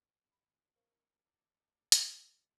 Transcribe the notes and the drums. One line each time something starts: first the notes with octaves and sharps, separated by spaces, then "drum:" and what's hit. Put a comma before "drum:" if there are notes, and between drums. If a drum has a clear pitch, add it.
B5
C#4 D#4 A#4 C5 F5 C#6
D#4 A4 D5
drum: hi-hat